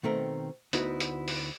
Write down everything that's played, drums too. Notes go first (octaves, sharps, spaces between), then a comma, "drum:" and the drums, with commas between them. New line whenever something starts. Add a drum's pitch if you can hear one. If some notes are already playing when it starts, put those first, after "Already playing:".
B2 D#3 A3 C4 A#4
D2 B3 D#4 E4 F#4, drum: hi-hat
drum: hi-hat
drum: open hi-hat